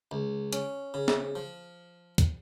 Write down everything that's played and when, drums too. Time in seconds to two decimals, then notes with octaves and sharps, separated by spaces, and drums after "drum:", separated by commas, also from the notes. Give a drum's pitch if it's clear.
0.11 C#2
0.53 C#4, drum: hi-hat
0.94 C#3
1.08 drum: snare
1.35 F3
2.18 drum: kick, hi-hat